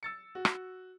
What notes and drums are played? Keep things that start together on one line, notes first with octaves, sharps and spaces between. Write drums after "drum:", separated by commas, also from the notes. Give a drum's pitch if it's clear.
E6 A6 C#7
F#4
drum: rim click